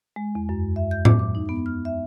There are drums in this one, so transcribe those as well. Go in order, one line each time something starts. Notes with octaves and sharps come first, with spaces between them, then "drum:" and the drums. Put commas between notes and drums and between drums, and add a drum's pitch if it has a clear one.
G#3
E2
F#2
E5
G6
D6, drum: tom A2
D6
D#4
B3
F6
E5